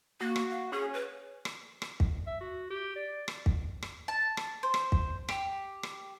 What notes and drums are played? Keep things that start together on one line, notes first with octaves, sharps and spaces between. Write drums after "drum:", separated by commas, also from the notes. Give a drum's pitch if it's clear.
A#3 F#4
drum: rim click
F5
C#4 G#4
B4
drum: rim click
drum: rim click
drum: kick
E5
F#4
G4
D5
drum: rim click
drum: kick
drum: rim click
A5
drum: rim click
C5
drum: rim click
drum: kick
G4, drum: rim click
drum: rim click